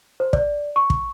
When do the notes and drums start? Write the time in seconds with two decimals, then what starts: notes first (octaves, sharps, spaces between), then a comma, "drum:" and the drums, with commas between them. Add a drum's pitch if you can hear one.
0.20 C5
0.33 D5, drum: kick
0.76 C#6
0.90 drum: kick